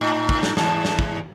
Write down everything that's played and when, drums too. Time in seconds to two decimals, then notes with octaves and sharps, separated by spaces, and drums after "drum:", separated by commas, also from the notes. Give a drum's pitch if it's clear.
0.01 A2 D#4
0.29 drum: kick
0.43 drum: snare
0.57 E2 G#2 A5, drum: snare
0.85 drum: snare
0.99 drum: kick